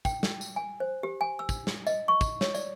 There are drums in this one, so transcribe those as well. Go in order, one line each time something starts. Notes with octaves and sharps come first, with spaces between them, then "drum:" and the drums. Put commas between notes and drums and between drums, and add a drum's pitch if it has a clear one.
G5, drum: kick, tambourine
drum: snare
drum: tambourine
G#5
C5
G4
G#5
E6
drum: kick, tambourine
drum: snare
D#5, drum: tambourine
C#6
drum: kick, tambourine
C#5, drum: snare
D5, drum: tambourine